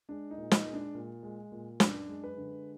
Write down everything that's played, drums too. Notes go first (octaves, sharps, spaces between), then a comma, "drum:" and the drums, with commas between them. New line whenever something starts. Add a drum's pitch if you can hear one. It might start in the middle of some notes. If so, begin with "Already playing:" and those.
G#3 D4
D#4
A#2
D#4, drum: snare
G#3
D4
A#2
G#3
A#2
F#2 D4, drum: snare
G#3
B4
D3